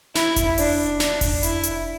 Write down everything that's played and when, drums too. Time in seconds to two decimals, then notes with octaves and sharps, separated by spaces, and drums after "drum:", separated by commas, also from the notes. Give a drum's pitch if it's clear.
0.15 E4, drum: snare
0.36 drum: kick F1, hi-hat
0.58 D4, drum: open hi-hat
1.00 D4, drum: snare
1.21 drum: kick F1, open hi-hat
1.43 E4, drum: hi-hat
1.63 drum: hi-hat